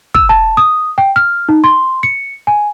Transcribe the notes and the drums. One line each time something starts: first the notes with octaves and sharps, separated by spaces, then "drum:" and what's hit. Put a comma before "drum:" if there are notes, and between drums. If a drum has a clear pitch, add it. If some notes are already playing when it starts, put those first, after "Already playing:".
E6, drum: kick
A5
D#6
G5
F6
D#4
C6
C#7
G#5